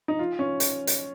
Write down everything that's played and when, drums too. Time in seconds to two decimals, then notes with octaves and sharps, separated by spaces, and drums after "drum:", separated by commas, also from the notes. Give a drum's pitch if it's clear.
0.08 D#4
0.19 F4
0.39 C#4
0.60 drum: hi-hat
0.87 drum: hi-hat